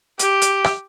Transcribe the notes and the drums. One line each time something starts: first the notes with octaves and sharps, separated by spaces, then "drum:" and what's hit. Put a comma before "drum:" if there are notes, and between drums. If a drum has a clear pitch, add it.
G4, drum: hi-hat
drum: hi-hat
drum: rim click